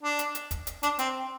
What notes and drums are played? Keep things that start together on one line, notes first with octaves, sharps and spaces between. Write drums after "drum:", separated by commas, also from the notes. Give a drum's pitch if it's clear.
D4
drum: hi-hat
drum: hi-hat
drum: kick, hi-hat
drum: hi-hat
D4, drum: hi-hat
C4, drum: hi-hat